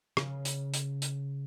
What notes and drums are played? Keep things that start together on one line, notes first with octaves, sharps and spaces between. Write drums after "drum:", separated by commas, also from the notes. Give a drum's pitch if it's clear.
C#3, drum: rim click
drum: hi-hat
drum: hi-hat
drum: hi-hat